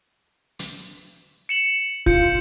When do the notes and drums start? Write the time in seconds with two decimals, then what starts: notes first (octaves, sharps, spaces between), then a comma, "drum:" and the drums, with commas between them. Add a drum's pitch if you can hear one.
0.59 drum: hi-hat
1.49 C#7 E7 F#7
2.06 F4 G6 C#7, drum: kick